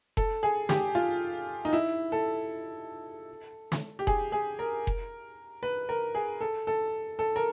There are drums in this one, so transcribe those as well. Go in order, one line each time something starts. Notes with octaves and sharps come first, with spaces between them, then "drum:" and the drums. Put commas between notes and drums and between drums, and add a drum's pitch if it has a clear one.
A4, drum: kick F1
G#4
G4, drum: snare
F4
D#4
E4
A4
drum: snare
G4
G#4, drum: kick F1
G#4
A#4
drum: kick F1
B4
A#4
G#4
A4
A4
A4
A#4